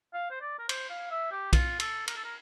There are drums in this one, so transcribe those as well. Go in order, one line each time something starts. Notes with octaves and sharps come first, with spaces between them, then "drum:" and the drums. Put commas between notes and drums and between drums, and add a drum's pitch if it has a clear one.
F5
C5
D5
A#4
C5, drum: cymbal
F5
E5
G4
F4, drum: kick B1, cymbal
A4, drum: cymbal
A#4, drum: cymbal
A4
A#4